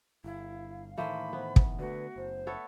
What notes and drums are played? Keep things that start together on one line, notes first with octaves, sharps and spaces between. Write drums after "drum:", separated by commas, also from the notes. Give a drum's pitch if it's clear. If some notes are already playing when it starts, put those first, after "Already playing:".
G1 E4 F5
A2 D#3 E3 A3 A#3 C5 B5
B3 C5
drum: kick
D3 A3 F#4 B4
F#1 C5
B3 A4 C#5 E5